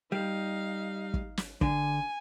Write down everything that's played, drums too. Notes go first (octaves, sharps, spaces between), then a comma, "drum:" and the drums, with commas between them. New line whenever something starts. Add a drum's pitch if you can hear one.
G3 D#4 F5
drum: kick
drum: snare
D3 G#5, drum: kick